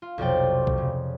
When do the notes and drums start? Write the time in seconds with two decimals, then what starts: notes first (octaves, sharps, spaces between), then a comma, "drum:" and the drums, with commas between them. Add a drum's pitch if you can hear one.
0.02 F4
0.18 B1 F2 C3 D5 G5
0.67 drum: kick
0.78 C#3